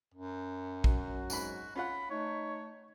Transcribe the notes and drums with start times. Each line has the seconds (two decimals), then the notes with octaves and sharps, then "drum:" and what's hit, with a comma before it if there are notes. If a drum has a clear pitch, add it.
0.14 F#2
0.84 F#3 F#4, drum: kick
1.30 G#2 B5, drum: tambourine
1.76 C#4 F4 F#5 B5
2.11 A3 D#4 C#5